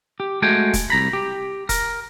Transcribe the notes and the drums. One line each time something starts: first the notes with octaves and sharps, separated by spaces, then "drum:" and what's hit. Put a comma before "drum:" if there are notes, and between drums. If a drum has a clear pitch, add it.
G4
G#3 A3 F#4 G5 G#5
drum: kick E1, hi-hat
C2 A#5 B5
G4
A#4, drum: kick E1, hi-hat